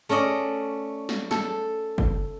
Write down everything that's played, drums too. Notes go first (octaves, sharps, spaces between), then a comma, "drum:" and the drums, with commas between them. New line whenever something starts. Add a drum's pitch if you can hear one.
A3 C#4 D5 D#5
drum: snare
A4, drum: snare
drum: kick G1